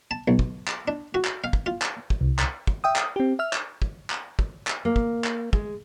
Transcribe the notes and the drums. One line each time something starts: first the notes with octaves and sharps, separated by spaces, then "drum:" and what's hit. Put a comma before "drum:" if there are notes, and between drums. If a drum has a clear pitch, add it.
A5
B1
drum: kick
drum: clap
D4
F#4
drum: clap
F5
drum: kick
F4
drum: clap
drum: kick
C2
drum: clap
drum: kick
E5 G5 D#6
drum: clap
C4 G4
E5 F6
drum: clap
drum: kick
drum: clap
drum: kick
drum: clap
A#3
drum: kick
drum: clap
G#3, drum: kick